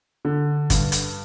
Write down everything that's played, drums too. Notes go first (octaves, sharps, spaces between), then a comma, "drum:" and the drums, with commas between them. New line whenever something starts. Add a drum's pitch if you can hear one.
D3
G2, drum: kick G1, hi-hat
drum: hi-hat